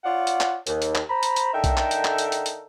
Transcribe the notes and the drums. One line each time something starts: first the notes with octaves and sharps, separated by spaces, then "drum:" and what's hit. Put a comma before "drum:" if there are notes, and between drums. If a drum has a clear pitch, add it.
F4 C#5 D5 F5 F#5
drum: hi-hat
drum: clap
D#2, drum: hi-hat
drum: hi-hat
drum: clap
C5 A#5 B5
drum: hi-hat
drum: hi-hat
D3 D#4 A4 A#4 E5 G5
drum: kick B1, hi-hat
drum: clap
drum: hi-hat
drum: clap
drum: hi-hat
drum: hi-hat
drum: hi-hat